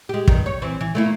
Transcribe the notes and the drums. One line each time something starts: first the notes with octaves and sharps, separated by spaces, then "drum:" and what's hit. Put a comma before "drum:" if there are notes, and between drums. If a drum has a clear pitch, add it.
G#3 G4
G2 D#3, drum: kick
C#5
E3 C4
E3
A3 A#3 E4